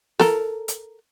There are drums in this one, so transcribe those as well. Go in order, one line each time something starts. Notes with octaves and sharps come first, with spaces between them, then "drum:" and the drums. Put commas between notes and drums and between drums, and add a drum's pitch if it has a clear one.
A4 A#4, drum: snare
drum: hi-hat